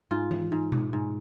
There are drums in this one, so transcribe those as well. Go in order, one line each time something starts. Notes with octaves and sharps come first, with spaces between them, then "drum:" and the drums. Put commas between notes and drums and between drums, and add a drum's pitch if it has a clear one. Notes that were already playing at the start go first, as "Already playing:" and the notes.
G#2 F4
drum: tom E3
G#2
drum: tom B2
G#2